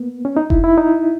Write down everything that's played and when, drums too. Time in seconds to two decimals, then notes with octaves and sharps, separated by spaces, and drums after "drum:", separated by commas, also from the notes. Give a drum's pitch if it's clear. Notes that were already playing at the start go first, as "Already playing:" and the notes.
Already playing: A#3 B3
0.25 C#4
0.37 D#4
0.50 E4, drum: kick F1
0.64 E4
0.78 D#4